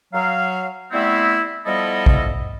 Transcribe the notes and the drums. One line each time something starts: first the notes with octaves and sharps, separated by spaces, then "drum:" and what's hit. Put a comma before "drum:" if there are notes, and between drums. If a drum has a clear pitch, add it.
F#3 F5
G3 A3 B3 C4 E4
F3 G3 B3 E4 A4 D#5
drum: kick A1